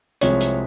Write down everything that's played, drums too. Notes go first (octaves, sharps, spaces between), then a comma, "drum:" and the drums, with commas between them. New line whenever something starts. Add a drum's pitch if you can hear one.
C2 C3 F3 G#3 C#5, drum: hi-hat
drum: hi-hat